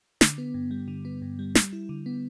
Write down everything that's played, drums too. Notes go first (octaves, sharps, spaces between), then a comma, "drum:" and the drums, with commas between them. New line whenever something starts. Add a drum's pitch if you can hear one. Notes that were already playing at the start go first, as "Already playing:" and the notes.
D3, drum: snare
B3
G2
G3
D3
B3
G2
G3
G3, drum: snare
E4
D3
B3